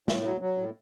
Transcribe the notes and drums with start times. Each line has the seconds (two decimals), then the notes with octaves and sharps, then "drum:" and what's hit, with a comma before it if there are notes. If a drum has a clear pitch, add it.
0.08 A2, drum: snare
0.24 F#3
0.41 F#3
0.58 A2